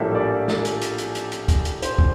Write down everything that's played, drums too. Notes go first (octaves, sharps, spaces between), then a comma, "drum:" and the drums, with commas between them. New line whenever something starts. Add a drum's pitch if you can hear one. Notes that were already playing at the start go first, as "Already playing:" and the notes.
Already playing: A#1 A2 G3 A#3 D4 E5
D5
drum: snare
drum: hi-hat
drum: hi-hat
drum: hi-hat
drum: hi-hat
drum: hi-hat
drum: kick, hi-hat
drum: hi-hat
C5, drum: hi-hat
drum: kick